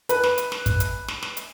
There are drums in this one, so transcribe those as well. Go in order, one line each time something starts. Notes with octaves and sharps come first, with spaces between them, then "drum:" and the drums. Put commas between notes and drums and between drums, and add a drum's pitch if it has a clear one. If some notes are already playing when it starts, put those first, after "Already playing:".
B4, drum: hi-hat
drum: snare
drum: hi-hat
drum: snare
drum: kick, hi-hat
drum: hi-hat
drum: snare
drum: snare
drum: hi-hat